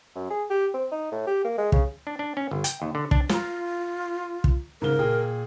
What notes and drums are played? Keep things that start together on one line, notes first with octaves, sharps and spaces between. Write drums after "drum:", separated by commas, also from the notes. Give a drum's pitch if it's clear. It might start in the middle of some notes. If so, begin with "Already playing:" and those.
F#2
G#4
G4
C4
D#4
A2
G4
A#3
G#3
C#3, drum: kick
D4
D4
C#4
G1
G5, drum: hi-hat
D#2
D3
D4, drum: kick
F4 A#5 C#7, drum: snare
drum: kick
G#2 C#3 A#4 G7
A#2 G#4 G5